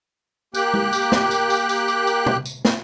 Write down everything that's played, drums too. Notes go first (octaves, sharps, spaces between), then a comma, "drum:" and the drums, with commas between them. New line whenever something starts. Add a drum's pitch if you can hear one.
A#3 G4 G5 F#6, drum: tambourine
drum: tom G#3
drum: tambourine
drum: snare
drum: tambourine
drum: tambourine
drum: tambourine
drum: tambourine
drum: tambourine
drum: tom B2
drum: tambourine
drum: snare